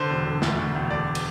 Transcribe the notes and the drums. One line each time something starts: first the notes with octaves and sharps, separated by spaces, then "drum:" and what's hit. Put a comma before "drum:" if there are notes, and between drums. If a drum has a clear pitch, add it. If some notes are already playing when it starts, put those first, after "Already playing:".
Already playing: D3 C5
E1
D3
D2, drum: snare
D2
E1
D3 D5
drum: cymbal